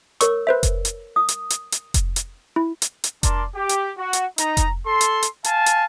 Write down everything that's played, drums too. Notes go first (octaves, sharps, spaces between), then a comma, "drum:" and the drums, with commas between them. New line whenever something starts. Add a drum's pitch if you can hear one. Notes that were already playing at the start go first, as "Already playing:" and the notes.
A#4 C#5 C#6 E6, drum: hi-hat
B4 C5 E5
drum: kick F1, hi-hat
drum: hi-hat
D#6
drum: hi-hat
drum: hi-hat
drum: hi-hat
drum: kick F1, hi-hat
drum: hi-hat
E4
drum: hi-hat
drum: hi-hat
D4 A#4 D5 A5 C6, drum: kick F1, hi-hat
G4
drum: hi-hat
F#4
drum: hi-hat
D#4 A#5, drum: hi-hat
drum: kick F1, hi-hat
A4 C6
drum: hi-hat
drum: hi-hat
F5 G#5 A5, drum: hi-hat
drum: hi-hat